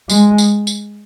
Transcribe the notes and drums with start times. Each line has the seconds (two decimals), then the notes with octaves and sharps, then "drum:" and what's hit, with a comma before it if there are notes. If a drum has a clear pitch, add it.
0.09 G#3, drum: tambourine
0.38 drum: tambourine
0.67 drum: tambourine